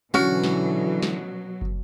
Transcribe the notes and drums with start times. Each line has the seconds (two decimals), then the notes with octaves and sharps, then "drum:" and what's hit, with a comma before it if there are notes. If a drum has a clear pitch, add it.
0.14 B2 D3 E3 F#3 C#4 F#4
0.44 drum: snare
1.02 drum: snare
1.61 drum: kick